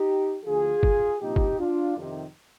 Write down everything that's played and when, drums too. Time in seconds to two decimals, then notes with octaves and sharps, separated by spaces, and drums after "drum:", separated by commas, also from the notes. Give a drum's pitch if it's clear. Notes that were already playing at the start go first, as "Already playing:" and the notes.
Already playing: D#4 G4
0.44 D2 D3 F3 F4 G#4
0.83 drum: kick
1.20 C2 A#2 F3 D#4 G4
1.36 drum: kick
1.58 D4 F4
1.97 F2 C3 D#3